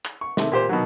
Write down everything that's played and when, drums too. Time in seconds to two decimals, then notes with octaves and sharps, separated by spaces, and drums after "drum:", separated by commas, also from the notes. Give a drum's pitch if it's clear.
0.05 drum: clap
0.21 C#6
0.37 C3 D#3 A3, drum: snare
0.52 A#2 G4 C5
0.69 B2 D#3 F#3